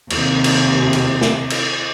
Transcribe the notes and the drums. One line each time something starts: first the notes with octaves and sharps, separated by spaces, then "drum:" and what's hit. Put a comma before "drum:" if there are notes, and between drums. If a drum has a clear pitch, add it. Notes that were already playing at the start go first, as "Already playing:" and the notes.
D#2 C3, drum: cymbal
drum: cymbal
drum: cymbal
drum: snare
drum: cymbal